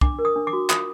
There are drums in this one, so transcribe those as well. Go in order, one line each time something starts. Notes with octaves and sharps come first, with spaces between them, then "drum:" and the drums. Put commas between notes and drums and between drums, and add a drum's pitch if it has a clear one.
D4 D6, drum: kick
A#4
D#6
D4
D6
F#4
F4 D#6, drum: clap